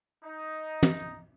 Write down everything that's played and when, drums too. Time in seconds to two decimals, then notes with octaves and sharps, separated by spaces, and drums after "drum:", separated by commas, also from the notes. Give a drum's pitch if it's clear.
0.24 D#4
0.83 drum: tom